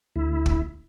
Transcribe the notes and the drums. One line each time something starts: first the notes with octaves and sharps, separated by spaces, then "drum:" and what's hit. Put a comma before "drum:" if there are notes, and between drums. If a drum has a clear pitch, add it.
D2 E4
drum: kick